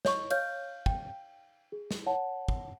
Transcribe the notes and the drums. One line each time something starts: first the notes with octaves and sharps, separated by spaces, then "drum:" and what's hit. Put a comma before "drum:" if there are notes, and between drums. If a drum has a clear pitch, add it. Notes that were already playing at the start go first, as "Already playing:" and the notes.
C#5 D#5 C#6, drum: snare
C#5 D#5 F5 F6 G6, drum: cymbal
G5, drum: kick
G#4
drum: snare
C#5 F#5 A5
drum: kick